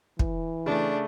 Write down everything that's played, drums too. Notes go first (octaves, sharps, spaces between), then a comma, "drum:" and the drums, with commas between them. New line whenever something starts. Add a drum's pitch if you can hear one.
E3, drum: kick
C#3 A3 D4